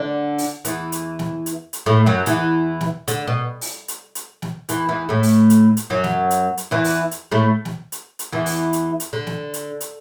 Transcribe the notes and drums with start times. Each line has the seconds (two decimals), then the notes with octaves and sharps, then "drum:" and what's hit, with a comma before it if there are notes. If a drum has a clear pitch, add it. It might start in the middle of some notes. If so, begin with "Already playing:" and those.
Already playing: D3 D4
0.38 drum: open hi-hat
0.65 E2 E3, drum: hi-hat
0.92 drum: hi-hat
1.19 drum: snare
1.46 drum: hi-hat
1.73 drum: hi-hat
1.86 A2 A3
2.06 F#2 F#3
2.26 E2 E3, drum: hi-hat
2.81 drum: snare
3.08 D3, drum: hi-hat
3.27 B2
3.61 drum: open hi-hat
3.88 drum: hi-hat
4.15 drum: hi-hat
4.42 drum: snare
4.69 E2 E3, drum: hi-hat
4.89 E2 E3
5.09 A2 A3
5.23 drum: open hi-hat
5.50 drum: hi-hat
5.77 drum: hi-hat
5.90 F#2 F#3
6.04 drum: snare
6.31 drum: hi-hat
6.57 drum: hi-hat
6.71 E2 E3
6.84 drum: open hi-hat
7.11 drum: hi-hat
7.32 A2 A3
7.65 drum: snare
7.92 drum: hi-hat
8.19 drum: hi-hat
8.32 E2 E3
8.46 drum: open hi-hat
8.73 drum: hi-hat
9.00 drum: hi-hat
9.13 D3
9.27 drum: snare
9.54 drum: hi-hat
9.81 drum: hi-hat